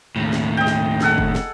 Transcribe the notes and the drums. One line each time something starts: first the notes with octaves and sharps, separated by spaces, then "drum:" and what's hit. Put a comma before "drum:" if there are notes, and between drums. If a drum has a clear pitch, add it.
D#2 A2
drum: snare
D#5 G5
drum: snare
G#4 A4 F#5, drum: snare
drum: kick
drum: snare